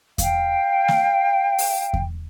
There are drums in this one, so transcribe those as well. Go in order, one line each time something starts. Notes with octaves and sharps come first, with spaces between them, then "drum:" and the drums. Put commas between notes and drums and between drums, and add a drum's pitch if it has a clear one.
F5 G5, drum: kick E2, hi-hat
drum: snare
drum: open hi-hat
drum: kick E2